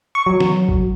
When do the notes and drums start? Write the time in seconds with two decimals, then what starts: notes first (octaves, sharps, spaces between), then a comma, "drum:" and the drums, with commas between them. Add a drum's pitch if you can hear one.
0.15 C#6
0.26 F#3
0.40 drum: snare
0.68 drum: kick F#1